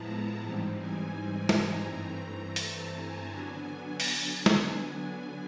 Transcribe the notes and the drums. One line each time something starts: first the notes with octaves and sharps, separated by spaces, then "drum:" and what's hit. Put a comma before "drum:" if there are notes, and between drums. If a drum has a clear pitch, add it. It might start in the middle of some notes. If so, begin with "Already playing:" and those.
Already playing: A2 F3 G#3 B3 E4 A5 A#5
G#2 E3 G3 C4 D#4
G#5
A#5, drum: snare
G2 E3 A3 C4
A5, drum: hi-hat
G#5
D3 F#3 B3 D4
G#5, drum: open hi-hat
drum: snare